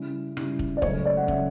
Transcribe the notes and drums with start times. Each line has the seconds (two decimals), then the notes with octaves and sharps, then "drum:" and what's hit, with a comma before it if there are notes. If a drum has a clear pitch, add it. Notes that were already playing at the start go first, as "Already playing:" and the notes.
Already playing: C#3 G3 C#4 E4
0.37 C#3 G3 C#4 E4, drum: rim click
0.59 drum: kick
0.77 D5
0.82 C#2 C#3 F#3 A3 C#5, drum: kick
1.05 D5
1.17 F#5
1.28 C#3 F#3 A3 E5, drum: kick